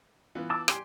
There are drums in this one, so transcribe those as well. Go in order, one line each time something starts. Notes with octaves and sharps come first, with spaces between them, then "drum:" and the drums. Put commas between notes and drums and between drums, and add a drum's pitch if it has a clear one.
E3 B3 F4
A5 D6 E6
G4 G5 G#5 C6, drum: rim click